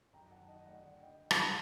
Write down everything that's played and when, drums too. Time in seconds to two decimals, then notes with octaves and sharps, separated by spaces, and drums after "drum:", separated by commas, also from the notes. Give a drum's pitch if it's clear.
0.13 F#2 G5 A#5
0.30 D#3 F#5 A5
0.48 D#3 D#5 G5
0.66 A3 D5 F#5
0.83 D3 D#5
1.01 D#5 G5
1.31 drum: rim click